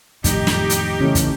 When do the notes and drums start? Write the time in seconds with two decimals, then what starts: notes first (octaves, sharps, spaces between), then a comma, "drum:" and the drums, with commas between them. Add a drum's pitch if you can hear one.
0.24 F2 A2 D#3 D#4 G4, drum: kick, hi-hat
0.47 drum: snare
0.70 drum: hi-hat
1.00 C#3 E3 A3 C#4
1.15 drum: kick, hi-hat